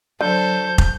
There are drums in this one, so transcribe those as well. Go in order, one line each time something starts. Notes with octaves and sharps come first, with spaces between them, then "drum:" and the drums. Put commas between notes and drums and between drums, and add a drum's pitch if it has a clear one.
D3 F#3 A4 C5 G6
drum: kick